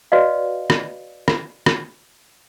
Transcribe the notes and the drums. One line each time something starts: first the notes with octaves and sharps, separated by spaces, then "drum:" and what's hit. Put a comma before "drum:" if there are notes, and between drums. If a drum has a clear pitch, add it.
F#4 B4 D5 D#5 F5
drum: rim click
drum: rim click
drum: rim click